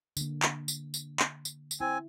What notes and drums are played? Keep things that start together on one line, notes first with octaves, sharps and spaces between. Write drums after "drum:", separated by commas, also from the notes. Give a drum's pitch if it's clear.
D3 A#3, drum: tambourine
drum: clap
drum: tambourine
drum: tambourine
drum: clap
drum: tambourine
drum: tambourine
C4 E4 G#5